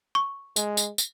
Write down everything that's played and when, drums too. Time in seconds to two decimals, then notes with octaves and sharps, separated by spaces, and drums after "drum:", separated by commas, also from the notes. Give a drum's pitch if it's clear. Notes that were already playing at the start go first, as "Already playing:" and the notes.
0.15 C#6
0.56 G#3, drum: tambourine
0.77 drum: tambourine
0.98 drum: tambourine